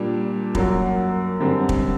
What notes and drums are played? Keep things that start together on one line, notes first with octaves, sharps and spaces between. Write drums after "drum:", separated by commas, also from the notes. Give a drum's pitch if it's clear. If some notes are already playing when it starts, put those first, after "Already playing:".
Already playing: A#2 G3 D4
F#2 F#3 A#3 F#4 A#4, drum: kick
F#2 D3 G3 C4
drum: kick